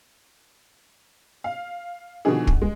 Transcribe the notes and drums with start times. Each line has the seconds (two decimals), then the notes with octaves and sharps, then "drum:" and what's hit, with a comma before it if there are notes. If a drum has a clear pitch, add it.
1.44 F5
2.25 B2 D3 D#3 F3 D4 G#4
2.47 drum: kick
2.62 G#3